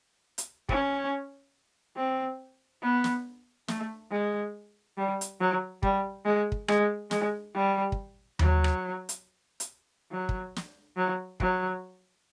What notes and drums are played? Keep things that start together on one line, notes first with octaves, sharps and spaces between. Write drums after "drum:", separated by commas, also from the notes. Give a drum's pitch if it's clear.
drum: hi-hat
C#4, drum: kick
C4
B3
drum: snare
A3, drum: snare
G#3
G3
drum: hi-hat
F#3
G3, drum: kick
G#3
drum: kick
G#3, drum: rim click
G#3, drum: snare
G3
drum: kick
F#3, drum: tom D#2
drum: rim click
drum: hi-hat
drum: hi-hat
F#3
drum: kick
drum: snare
F#3
F#3, drum: kick